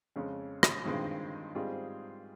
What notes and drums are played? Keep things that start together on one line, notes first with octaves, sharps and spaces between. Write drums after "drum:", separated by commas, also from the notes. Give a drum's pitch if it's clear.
F2 C#3 G#3 C#4
drum: rim click
G2 D#3 G#3 C4 F4
G#2 G3 C4 F4 G#4